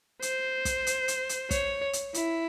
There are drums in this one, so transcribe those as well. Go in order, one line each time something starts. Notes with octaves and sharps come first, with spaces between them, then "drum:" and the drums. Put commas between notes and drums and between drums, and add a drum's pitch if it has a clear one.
C5, drum: hi-hat
drum: kick, hi-hat
drum: hi-hat
drum: hi-hat
drum: hi-hat
C#5, drum: kick, hi-hat
drum: hi-hat
E4, drum: hi-hat